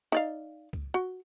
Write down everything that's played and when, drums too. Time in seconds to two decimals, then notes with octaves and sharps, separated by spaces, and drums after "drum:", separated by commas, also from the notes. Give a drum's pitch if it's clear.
0.12 D#4 D5 F5
0.73 drum: kick C#2
0.94 F#4